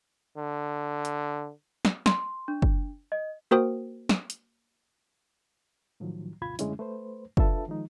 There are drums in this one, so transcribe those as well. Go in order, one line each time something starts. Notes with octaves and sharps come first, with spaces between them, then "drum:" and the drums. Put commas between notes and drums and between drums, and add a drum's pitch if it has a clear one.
D3
drum: hi-hat
drum: snare
C6, drum: snare
D4
drum: kick F#1
D#5
A#3 F#4 A#4 C5 G5 D#6
drum: snare
drum: hi-hat
A2 D#3 F3 F#3
D2 G2 B2 F4 B5 G#6
F#2 D3 G#3 A3 C#4 E4, drum: hi-hat
A3 B4 C5
D4 F4 A4 B4 E5 A5, drum: kick F#1
D#3 F3 G#3 D#4